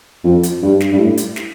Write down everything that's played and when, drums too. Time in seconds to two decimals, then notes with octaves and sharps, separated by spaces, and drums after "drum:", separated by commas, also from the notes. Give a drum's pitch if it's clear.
0.24 F2
0.43 drum: hi-hat
0.62 G2
0.80 drum: snare
0.92 G2
0.98 A2
1.17 drum: hi-hat
1.36 drum: snare